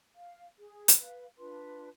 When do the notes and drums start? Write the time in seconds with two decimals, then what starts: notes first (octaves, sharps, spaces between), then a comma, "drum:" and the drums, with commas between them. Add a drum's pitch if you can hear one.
0.15 F5
0.58 G#4
0.88 drum: hi-hat
0.97 B4 F5
1.37 D4 F4 B4 C6